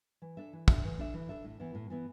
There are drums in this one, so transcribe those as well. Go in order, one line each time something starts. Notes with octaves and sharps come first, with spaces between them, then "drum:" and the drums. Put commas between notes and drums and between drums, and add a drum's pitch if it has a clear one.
E3
D4 A4 E5
E3
D4 A4 E5, drum: kick
E3
D4 A4 E5
E3
D4 A4 E5
A2
E3 B3 E4
A2
E3 B3 E4